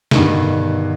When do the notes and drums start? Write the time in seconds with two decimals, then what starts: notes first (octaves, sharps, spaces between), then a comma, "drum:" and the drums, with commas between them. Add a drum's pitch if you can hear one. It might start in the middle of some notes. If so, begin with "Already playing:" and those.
0.11 G2 B2 D3 D#3, drum: snare